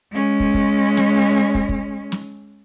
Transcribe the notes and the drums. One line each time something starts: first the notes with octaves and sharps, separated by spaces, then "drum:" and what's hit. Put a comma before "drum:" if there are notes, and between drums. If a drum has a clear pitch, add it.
G#3 C#4
drum: kick
drum: kick
drum: snare
drum: kick
drum: kick
drum: snare